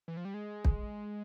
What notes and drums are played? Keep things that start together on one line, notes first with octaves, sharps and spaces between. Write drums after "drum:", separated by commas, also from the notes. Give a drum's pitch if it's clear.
E3
F3
G3
G#3
drum: kick